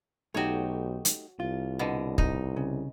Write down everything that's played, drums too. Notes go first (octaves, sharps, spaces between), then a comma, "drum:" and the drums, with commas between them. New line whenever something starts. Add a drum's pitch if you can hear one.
B1 A3 D#4 F#4 G4 C#5
drum: hi-hat
C2 F4
B2 D3
D#4, drum: kick
C#3